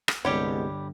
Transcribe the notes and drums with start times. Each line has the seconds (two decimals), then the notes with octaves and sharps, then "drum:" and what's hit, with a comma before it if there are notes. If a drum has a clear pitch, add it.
0.08 drum: rim click
0.25 C2 G2 D3 G3 G#3 B3 G4 C#5